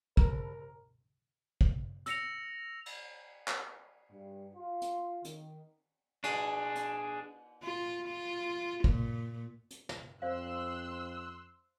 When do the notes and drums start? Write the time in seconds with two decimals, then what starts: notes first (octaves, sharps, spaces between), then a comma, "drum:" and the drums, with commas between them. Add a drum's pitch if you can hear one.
0.17 A#4, drum: kick
1.61 drum: kick
2.06 E6 A#6 C#7 F7, drum: hi-hat
2.86 drum: cymbal
3.48 drum: clap
4.12 G2
4.56 F4
4.82 drum: hi-hat
5.25 D#3, drum: hi-hat
6.24 D4 G#4, drum: cymbal
6.76 drum: hi-hat
7.63 F4
8.07 F4
8.84 A#2, drum: kick
9.71 drum: hi-hat
9.89 drum: snare
10.22 F2 C5 D5 F5 C6 E6 F#6